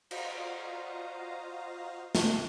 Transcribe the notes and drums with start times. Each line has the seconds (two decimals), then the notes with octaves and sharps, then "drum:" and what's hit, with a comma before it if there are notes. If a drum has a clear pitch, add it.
0.11 F4 F#4 C5 D#5 F5 A#5, drum: cymbal
2.15 drum: snare